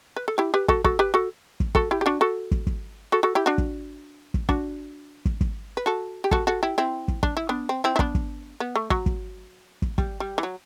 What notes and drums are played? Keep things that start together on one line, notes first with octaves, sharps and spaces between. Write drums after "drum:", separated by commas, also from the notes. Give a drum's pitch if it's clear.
B4
A4
E4 G4
G4 B4
F#4 A4, drum: kick
F#4 A4, drum: kick
G4 B4
F#4 A4
drum: kick
F#4 A4, drum: kick
E4 G4
G4
D4 F#4
F#4 A4
drum: kick
drum: kick
F#4 A4
F#4 A4
E4 G4
D4 F#4
drum: kick
drum: kick
D4 F#4, drum: kick
drum: kick
drum: kick
B4
F#4 A4
G4
F#4 A4, drum: kick
F#4 A4
E4 G4
C4 E4
drum: kick
D4, drum: kick
E4
B3 D4
C4
C4 E4
E4
B3 D4, drum: kick
drum: kick
B3
A3
F#3, drum: kick
drum: kick
drum: kick
G3, drum: kick
G3
E3
F#3